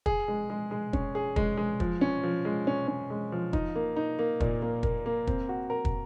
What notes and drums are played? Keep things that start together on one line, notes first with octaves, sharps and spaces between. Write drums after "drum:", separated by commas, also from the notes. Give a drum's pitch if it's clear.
G#4, drum: kick
G#3
G#3
G#3
C#4, drum: kick
G#4
G#3, drum: kick
G#3
F3, drum: kick
C#4
F3
G#3
C#4
C#4
G#3
F3
D#4, drum: kick
A#3
D#4
A#3
A#2, drum: kick
A#3
A#3, drum: kick
A#3
C4, drum: kick
F#4
A#4
drum: kick